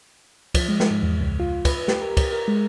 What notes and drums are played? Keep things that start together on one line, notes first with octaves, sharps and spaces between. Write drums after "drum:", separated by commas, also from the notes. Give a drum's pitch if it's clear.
F3, drum: kick, cymbal
G#3
drum: snare
G#2
E2
C#2
F4
B4, drum: kick, cymbal
G4, drum: snare
A#4
drum: kick, cymbal
A#4
G#3